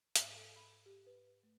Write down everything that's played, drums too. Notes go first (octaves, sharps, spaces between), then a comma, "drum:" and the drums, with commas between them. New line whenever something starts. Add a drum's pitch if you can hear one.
G#2, drum: hi-hat
A4
B5
G4
B4
A3